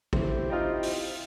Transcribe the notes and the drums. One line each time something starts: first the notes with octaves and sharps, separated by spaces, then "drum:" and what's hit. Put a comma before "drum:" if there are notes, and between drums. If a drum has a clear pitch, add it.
E4 G4 C5, drum: kick G#1
C4 D#4 F4
drum: open hi-hat